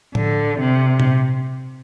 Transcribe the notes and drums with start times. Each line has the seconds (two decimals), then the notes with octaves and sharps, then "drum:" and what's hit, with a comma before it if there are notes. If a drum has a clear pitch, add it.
0.15 D3, drum: tom A2
0.59 C3
1.00 drum: tom A#2